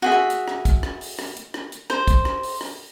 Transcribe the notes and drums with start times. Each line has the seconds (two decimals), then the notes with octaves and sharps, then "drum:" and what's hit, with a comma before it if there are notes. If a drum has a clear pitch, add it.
0.02 F#4 G#4 E5
0.12 drum: rim click
0.30 drum: hi-hat
0.48 drum: rim click
0.65 drum: kick, hi-hat
0.83 drum: rim click
1.01 drum: open hi-hat
1.19 drum: rim click
1.36 drum: hi-hat
1.54 drum: rim click
1.72 drum: hi-hat
1.90 C5, drum: rim click
2.08 drum: kick, hi-hat
2.25 drum: rim click
2.43 drum: open hi-hat
2.61 drum: rim click